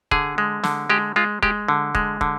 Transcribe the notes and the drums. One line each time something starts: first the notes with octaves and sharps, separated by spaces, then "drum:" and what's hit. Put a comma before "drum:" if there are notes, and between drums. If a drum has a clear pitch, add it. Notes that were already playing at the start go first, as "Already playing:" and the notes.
D3 G#4, drum: kick
G#3
D3, drum: snare
G#3 G4
G#3 F4
G#3 G4, drum: kick
D3
G#3, drum: kick
D3, drum: kick